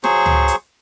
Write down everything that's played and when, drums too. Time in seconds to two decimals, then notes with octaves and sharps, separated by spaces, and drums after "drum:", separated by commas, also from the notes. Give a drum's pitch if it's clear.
0.04 F#3 G#4 C5 C#6, drum: snare
0.26 drum: tom C#2
0.48 drum: hi-hat